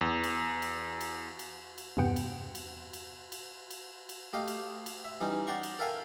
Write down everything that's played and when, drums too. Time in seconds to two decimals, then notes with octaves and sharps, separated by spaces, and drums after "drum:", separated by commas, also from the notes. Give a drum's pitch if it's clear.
0.01 E2
0.23 drum: cymbal
0.62 drum: cymbal
1.01 drum: cymbal
1.39 drum: cymbal
1.78 drum: cymbal
1.97 E2 G2 C3 B3 F#5 G5
2.16 drum: cymbal
2.55 drum: cymbal
2.93 drum: cymbal
3.32 drum: cymbal
3.70 drum: cymbal
4.09 drum: cymbal
4.33 A3 G4 D#5 F5
4.48 drum: cymbal
4.86 drum: cymbal
5.05 E5
5.21 E3 G3 C#4 D#4
5.47 D5 F#5 G5 A#5 C6 C#6
5.63 drum: cymbal
5.79 A4 A#4 E5 F5 G5 G#5